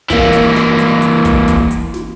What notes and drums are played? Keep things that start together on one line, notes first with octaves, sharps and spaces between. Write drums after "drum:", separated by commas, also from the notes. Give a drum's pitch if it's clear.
E3 A#3, drum: kick, hi-hat
drum: hi-hat
drum: snare
drum: hi-hat
drum: hi-hat
drum: kick, hi-hat
drum: kick, hi-hat
drum: hi-hat
drum: snare